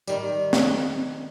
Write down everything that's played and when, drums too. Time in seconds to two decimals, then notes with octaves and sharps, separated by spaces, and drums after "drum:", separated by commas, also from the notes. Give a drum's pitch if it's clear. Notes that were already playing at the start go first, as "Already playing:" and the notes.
0.07 D#3 G3, drum: tambourine
0.53 drum: snare